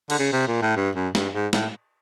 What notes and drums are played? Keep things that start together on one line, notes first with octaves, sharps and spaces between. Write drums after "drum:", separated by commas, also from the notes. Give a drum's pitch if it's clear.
D3, drum: cymbal
C#3
C3
A#2
A2
G2
F#2
G2, drum: snare
G#2
A2, drum: snare